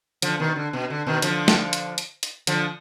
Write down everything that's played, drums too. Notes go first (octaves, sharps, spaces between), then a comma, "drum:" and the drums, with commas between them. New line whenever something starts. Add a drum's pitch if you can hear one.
D3 F3, drum: hi-hat
B2 D#3
D3
B2
D3
B2 D#3
D3 F3, drum: hi-hat
drum: snare
drum: hi-hat
drum: hi-hat
drum: hi-hat
D3 F3, drum: hi-hat